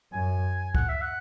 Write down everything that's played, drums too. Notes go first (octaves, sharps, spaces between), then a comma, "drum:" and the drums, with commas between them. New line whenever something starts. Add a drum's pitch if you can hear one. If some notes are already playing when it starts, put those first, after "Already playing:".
F#2 G#5
F#5, drum: kick
E5
F#5